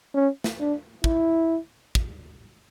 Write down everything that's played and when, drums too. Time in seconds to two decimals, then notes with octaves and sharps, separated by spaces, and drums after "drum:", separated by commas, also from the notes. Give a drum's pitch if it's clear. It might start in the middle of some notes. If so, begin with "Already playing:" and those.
0.15 C#4
0.44 drum: snare
0.60 D4
1.04 E4, drum: kick
1.95 drum: kick